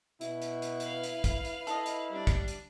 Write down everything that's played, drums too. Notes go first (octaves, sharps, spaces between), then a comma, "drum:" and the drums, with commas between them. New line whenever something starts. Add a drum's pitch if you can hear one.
B2 E4, drum: hi-hat
drum: hi-hat
drum: hi-hat
B4 F5, drum: hi-hat
drum: hi-hat
drum: kick, hi-hat
drum: hi-hat
E4 A4 D#5, drum: hi-hat
drum: hi-hat
G3 D4
drum: kick, hi-hat
drum: hi-hat